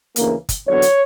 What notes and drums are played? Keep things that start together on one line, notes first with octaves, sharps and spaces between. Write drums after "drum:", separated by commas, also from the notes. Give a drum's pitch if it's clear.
D2 C#3 E3 A#3, drum: hi-hat
drum: kick, hi-hat
E2 D3 F#3 B3 C#5
drum: hi-hat